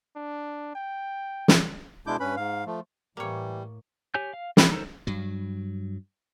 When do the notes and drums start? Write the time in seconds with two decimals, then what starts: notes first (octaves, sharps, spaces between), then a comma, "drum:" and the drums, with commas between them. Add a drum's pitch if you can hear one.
0.16 D4
0.75 G5
1.48 drum: snare
2.07 B2 G#3 D4 E4 D6 G6
2.20 G2 C#4 B4 B5
2.36 G#2 F5
2.66 F3 A3
3.17 A2 E3 G3 A#3 C#5
4.14 G4 C#5 G#5 G6
4.33 F5
4.57 C4 B5, drum: snare
4.72 D#4 A4 A#4 C5
5.07 G2 F#3